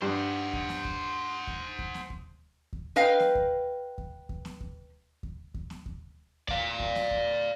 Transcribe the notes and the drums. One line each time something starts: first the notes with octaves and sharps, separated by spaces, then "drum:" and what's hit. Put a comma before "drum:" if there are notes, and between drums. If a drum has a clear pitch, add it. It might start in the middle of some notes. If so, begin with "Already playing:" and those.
G2 C5 F#5
drum: kick D#2
drum: snare B3
drum: kick D#2
drum: kick D#2
drum: kick D#2
drum: snare B3
drum: kick D#2
drum: kick D#2
B4 D#5 F5 G5
drum: snare B3
drum: kick D#2
drum: kick D#2
drum: kick D#2
drum: snare B3
drum: kick D#2
drum: kick D#2
drum: kick D#2
drum: snare B3
drum: kick D#2
D5 F5, drum: kick D#2
drum: kick D#2
drum: snare B3
drum: kick D#2